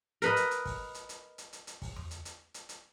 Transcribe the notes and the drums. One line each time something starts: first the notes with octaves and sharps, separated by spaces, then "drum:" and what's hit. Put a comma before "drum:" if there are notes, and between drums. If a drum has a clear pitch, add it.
A#4 B4 D#5, drum: hi-hat
drum: hi-hat
drum: hi-hat
drum: kick, open hi-hat
drum: hi-hat
drum: hi-hat
drum: hi-hat
drum: hi-hat
drum: hi-hat
drum: kick, open hi-hat
drum: tom E2
drum: hi-hat
drum: hi-hat
drum: hi-hat
drum: hi-hat